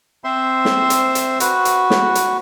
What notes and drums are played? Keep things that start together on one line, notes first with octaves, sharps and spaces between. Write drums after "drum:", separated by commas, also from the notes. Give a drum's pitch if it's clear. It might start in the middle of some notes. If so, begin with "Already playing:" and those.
C4 C5 E5 C6
drum: snare
drum: hi-hat
drum: hi-hat
F#4 B4, drum: hi-hat
drum: hi-hat
drum: snare
drum: hi-hat